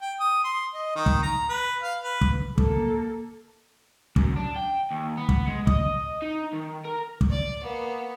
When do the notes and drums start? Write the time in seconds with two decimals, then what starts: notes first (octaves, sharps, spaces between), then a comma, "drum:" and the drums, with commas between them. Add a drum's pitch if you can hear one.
0.01 G5
0.20 D#6
0.44 C6
0.74 D#5
0.95 D#3
1.06 drum: kick
1.23 A#5
1.49 B4
1.82 F5
2.03 B4
2.21 drum: kick
2.58 A#3 A4, drum: kick
4.16 F#2, drum: kick
4.36 D4
4.56 G5
4.91 D#2
5.17 B3
5.29 drum: kick
5.47 G#3
5.67 D#5, drum: kick
6.22 D#4
6.53 D#3
6.85 A#4
7.21 drum: kick
7.30 D5
7.62 A#3 B3